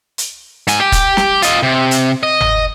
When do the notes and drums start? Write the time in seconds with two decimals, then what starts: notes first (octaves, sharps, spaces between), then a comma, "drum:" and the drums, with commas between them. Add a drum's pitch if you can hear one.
0.18 drum: hi-hat
0.67 G#2 G#5, drum: hi-hat
0.80 G4
0.92 drum: kick, hi-hat
1.17 drum: snare
1.42 F4 D#5, drum: hi-hat
1.63 C3
1.91 drum: hi-hat
2.23 D#5
2.40 drum: tom G1